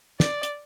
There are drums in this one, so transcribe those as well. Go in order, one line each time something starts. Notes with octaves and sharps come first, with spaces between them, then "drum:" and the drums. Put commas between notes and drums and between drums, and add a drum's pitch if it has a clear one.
D5, drum: snare
drum: hi-hat